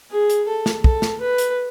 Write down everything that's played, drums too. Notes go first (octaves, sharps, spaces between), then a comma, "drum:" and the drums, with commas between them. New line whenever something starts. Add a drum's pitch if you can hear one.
G#4
drum: hi-hat
A4
drum: snare
A4, drum: kick
drum: snare
B4
drum: hi-hat